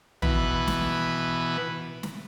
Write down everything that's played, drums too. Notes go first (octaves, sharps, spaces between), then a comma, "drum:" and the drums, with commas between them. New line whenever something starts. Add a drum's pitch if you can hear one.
B2 E3 B4, drum: tom
drum: snare
drum: snare